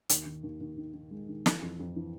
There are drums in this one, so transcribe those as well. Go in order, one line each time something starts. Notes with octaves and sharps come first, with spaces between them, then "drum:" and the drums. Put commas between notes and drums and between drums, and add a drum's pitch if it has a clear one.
D#2, drum: hi-hat
D#3
D#2
D#2
D#3
D#3
G#3
D#3
E3, drum: snare
F2
F2
E3